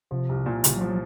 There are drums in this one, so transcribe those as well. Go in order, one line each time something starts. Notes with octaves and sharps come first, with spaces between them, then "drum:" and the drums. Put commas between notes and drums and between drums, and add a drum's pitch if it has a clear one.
C3 F3
C2
A#2
C2 C#3, drum: hi-hat
F#3
F3
F#3